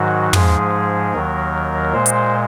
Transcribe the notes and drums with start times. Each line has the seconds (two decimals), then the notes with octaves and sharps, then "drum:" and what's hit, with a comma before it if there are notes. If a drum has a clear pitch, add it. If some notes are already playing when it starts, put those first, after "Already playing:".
Already playing: G#2 D#3 F#3 F#4
0.33 G#2 F3 G#3 G#4, drum: tom
1.13 D#2 D#3 F#3 A#4
1.93 A#2 G#3 C5
2.06 drum: hi-hat